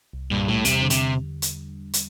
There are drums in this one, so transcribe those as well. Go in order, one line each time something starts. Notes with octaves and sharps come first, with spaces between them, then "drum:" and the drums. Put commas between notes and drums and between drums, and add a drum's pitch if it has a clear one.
C2
G2 A#2
A2 G3
E2 C3, drum: hi-hat
D3
C3, drum: hi-hat
drum: hi-hat
drum: hi-hat